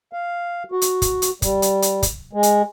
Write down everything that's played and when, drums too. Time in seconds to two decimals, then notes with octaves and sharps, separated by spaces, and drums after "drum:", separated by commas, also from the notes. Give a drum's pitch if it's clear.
0.13 F5
0.72 F#4
0.82 drum: hi-hat
1.02 drum: kick, hi-hat
1.22 drum: hi-hat
1.42 G3, drum: kick, hi-hat
1.62 drum: hi-hat
1.82 drum: hi-hat
2.02 drum: kick, hi-hat
2.33 G#3
2.43 drum: hi-hat